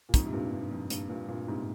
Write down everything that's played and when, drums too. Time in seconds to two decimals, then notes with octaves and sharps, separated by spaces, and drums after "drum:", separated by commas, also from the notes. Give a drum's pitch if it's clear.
0.09 A#2
0.14 F2 G#2, drum: kick, hi-hat
0.26 C3
0.33 G2 A#2
0.52 G2
0.71 F2
0.90 G2, drum: hi-hat
1.09 G2 A#2
1.28 G2 A#2
1.48 G#2 C3